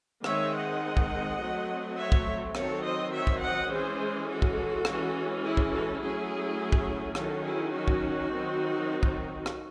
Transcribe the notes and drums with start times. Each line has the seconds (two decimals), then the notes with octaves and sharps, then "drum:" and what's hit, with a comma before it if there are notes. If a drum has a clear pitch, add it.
0.24 D#3 G#3 C4 C#5 E5, drum: rim click
0.54 D#5 F#5
0.97 drum: kick
1.39 F#3 A3 C4
1.97 C#5 E5
2.12 drum: kick
2.55 D#3 F#3 C4 A4 C#5, drum: rim click
2.84 C5 D#5
3.12 C#5 E5
3.27 drum: kick
3.41 D#5 F#5
3.70 E3 G#3 C#4 G#4 C5
4.28 F#4 A4
4.42 drum: kick
4.85 E3 G#3 C#4, drum: rim click
5.42 E4 G#4
5.57 drum: kick
5.71 F#4 A4
6.00 F#3 A3 C#4 E4 G#4
6.72 drum: kick
7.15 D#3 F#3 C#4 F#4 A4, drum: rim click
7.45 E4 G#4
7.73 D#4 F#4
7.88 drum: kick
8.31 D#3 F#3 C4
9.03 drum: kick
9.46 drum: rim click